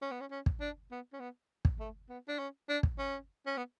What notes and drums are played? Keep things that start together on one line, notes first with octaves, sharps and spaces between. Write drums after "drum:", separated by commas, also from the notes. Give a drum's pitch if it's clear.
C#4
B3
C#4
C#4
drum: kick
D4
B3
C#4
B3
drum: kick
A3
B3
D4
C#4
D4
drum: kick
C#4
C#4
B3